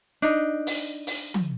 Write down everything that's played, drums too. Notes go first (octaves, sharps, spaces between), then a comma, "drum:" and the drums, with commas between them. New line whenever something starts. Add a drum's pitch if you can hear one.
D4 D#4
drum: open hi-hat
drum: open hi-hat
drum: tom